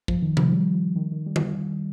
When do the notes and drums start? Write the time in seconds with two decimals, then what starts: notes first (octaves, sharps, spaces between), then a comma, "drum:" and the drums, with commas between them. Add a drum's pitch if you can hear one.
0.08 F3, drum: kick
0.22 D#3
0.37 F3, drum: tom C3
0.52 G3
0.74 F3
0.96 D#3
1.12 D#3
1.26 G3
1.36 drum: tom D3